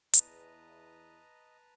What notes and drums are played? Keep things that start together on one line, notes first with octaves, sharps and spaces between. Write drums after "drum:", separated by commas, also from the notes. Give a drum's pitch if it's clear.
E2 B4 D#5 A5 A#5, drum: hi-hat